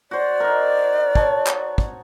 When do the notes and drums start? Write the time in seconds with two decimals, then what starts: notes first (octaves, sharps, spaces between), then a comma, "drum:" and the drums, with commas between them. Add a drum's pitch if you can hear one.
0.11 F#4 C5 D5
0.40 D#4 A#4
1.15 C#5 A5, drum: kick
1.47 drum: clap
1.78 drum: kick